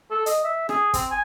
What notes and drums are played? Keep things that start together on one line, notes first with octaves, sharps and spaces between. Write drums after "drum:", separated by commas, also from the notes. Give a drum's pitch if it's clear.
A4
D#5, drum: hi-hat
E5
G#4, drum: rim click
C4, drum: kick, hi-hat
G#5